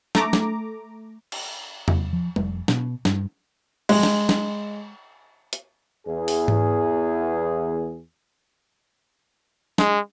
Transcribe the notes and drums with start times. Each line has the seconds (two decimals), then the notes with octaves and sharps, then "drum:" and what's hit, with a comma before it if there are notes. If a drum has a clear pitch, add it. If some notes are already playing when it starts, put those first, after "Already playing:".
0.15 A3 A#5 D6, drum: snare
0.33 drum: snare
1.32 drum: cymbal
1.88 drum: tom E2
2.13 F3
2.36 F1, drum: tom G3
2.68 B2, drum: snare
3.05 G2, drum: snare
3.89 G#3, drum: cymbal
4.03 drum: snare
4.29 drum: snare
5.53 drum: hi-hat
6.07 E2 G#4
6.28 drum: open hi-hat
6.48 drum: tom G#2
9.78 G#3, drum: snare